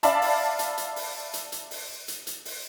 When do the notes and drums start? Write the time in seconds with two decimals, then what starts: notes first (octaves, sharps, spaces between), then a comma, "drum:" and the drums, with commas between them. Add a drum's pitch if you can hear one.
0.03 D5 E5 F5 A5 B5, drum: hi-hat
0.22 drum: open hi-hat
0.59 drum: hi-hat
0.78 drum: hi-hat
0.96 drum: open hi-hat
1.33 drum: hi-hat
1.52 drum: hi-hat
1.71 drum: open hi-hat
2.08 drum: hi-hat
2.27 drum: hi-hat
2.45 drum: open hi-hat